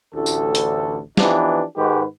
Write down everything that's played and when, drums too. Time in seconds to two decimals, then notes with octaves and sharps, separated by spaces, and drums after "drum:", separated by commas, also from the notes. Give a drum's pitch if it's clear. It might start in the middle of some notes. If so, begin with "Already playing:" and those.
0.14 A1 D2 A4
0.26 drum: tambourine
0.55 drum: hi-hat
1.17 E3 F3 B3 D4 D#4 G4, drum: snare
1.76 G#2 D#3 G#3 F#4 G4 B4